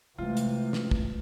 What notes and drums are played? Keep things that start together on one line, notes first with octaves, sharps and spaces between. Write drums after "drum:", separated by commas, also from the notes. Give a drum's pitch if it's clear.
C3 E3 G#3 A3 F4
drum: hi-hat
drum: snare
drum: kick